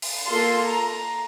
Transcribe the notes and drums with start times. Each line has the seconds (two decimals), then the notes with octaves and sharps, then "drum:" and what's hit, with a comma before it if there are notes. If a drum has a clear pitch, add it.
0.02 drum: open hi-hat
0.26 A#3 F4 A4 C6
0.66 A#5